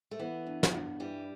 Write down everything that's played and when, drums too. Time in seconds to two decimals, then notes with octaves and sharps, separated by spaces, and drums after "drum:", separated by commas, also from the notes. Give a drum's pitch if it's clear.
0.11 A3
0.19 E3 B3
0.46 G2
0.63 drum: snare
0.73 G2
1.00 E3 G3